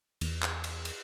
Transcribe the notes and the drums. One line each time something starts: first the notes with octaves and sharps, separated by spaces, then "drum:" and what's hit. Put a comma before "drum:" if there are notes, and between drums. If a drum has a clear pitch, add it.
E2, drum: cymbal
drum: clap
drum: cymbal
drum: cymbal